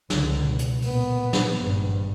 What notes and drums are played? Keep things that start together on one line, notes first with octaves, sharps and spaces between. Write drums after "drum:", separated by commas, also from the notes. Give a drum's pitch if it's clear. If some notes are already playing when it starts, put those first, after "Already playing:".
C#2 D3, drum: snare
B2
drum: hi-hat
A#2 B3, drum: open hi-hat
drum: snare
G#1 G2